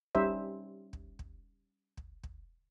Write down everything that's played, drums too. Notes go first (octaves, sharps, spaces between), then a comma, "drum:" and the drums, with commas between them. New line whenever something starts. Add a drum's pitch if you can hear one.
G3 C#4 D#4 G4 C5 E5, drum: kick
drum: kick
drum: kick
drum: kick
drum: kick